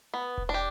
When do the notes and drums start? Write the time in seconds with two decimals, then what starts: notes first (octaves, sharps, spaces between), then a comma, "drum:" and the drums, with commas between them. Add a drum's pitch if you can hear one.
0.14 B3
0.38 drum: kick E1
0.49 D4
0.54 G4